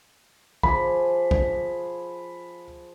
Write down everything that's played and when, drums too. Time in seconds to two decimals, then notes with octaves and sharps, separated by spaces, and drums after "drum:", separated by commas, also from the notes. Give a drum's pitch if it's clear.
0.63 F3 G#4 B5 D6, drum: kick
1.31 drum: kick